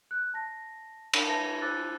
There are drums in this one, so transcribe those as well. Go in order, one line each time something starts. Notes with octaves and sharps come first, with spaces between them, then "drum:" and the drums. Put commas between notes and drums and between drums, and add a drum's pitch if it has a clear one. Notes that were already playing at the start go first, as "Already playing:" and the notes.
F#6
A5 A#6
drum: cymbal
B4 E5 A5 A#6
F4 C5 D6 E6 F#6 A6